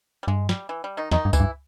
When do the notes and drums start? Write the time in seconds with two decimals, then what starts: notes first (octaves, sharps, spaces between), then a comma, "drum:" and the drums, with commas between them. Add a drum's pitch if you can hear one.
0.23 G3
0.28 G2 G#3
0.49 G3, drum: snare
0.69 E3
0.84 G3
0.97 D#3 D#4
1.12 E2 D#3 D#4, drum: snare
1.25 G2
1.33 E3 E4, drum: kick C#2, tambourine
1.40 G2